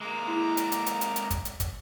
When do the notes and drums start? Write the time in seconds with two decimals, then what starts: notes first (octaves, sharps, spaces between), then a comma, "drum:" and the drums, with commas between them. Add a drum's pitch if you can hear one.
0.01 G#3 A#3 A#5 D6
0.28 E4
0.57 drum: hi-hat
0.72 drum: hi-hat
0.86 drum: hi-hat
1.01 drum: hi-hat
1.16 drum: hi-hat
1.30 drum: kick, hi-hat
1.45 drum: hi-hat
1.60 drum: kick, hi-hat